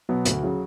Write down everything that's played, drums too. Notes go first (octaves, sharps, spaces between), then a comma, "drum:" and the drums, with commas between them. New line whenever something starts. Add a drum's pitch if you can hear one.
B2 F#3 B3
D2 F#4, drum: hi-hat
C#3 F#3